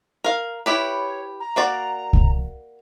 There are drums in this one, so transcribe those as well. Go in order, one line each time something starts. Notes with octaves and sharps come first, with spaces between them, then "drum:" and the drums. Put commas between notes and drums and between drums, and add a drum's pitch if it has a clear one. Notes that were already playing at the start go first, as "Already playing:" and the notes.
A#4 F5
E4 G4 B4 C#5
A#5
A#3 F#4 D5
drum: kick C2